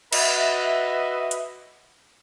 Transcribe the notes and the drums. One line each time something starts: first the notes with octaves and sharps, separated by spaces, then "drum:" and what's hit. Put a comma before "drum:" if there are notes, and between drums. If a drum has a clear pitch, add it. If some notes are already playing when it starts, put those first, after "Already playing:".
F#4 B4 D#5 E5, drum: cymbal
drum: hi-hat